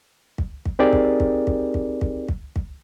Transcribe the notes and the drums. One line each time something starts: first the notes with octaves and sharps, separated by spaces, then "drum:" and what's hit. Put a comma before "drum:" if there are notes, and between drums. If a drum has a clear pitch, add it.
drum: kick
drum: kick
C4 D#4 G4 G#4 A#4 D5
drum: kick
drum: kick
drum: kick
drum: kick
drum: kick
drum: kick
drum: kick